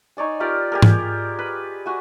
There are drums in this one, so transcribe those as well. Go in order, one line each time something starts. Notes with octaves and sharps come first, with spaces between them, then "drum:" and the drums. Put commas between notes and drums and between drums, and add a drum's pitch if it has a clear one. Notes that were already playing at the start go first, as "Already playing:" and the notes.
D#4 C#5 D5 G#5
F4 G4 A#4 D5
G4 G#4 A#4
drum: tom G#2
B4
F#4 G#5